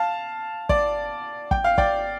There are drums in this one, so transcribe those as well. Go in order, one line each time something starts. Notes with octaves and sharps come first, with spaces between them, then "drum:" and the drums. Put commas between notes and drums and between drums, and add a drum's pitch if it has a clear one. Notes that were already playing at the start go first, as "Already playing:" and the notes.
Already playing: F5 A5
D5, drum: kick
G5, drum: kick
F5
D5 G5, drum: kick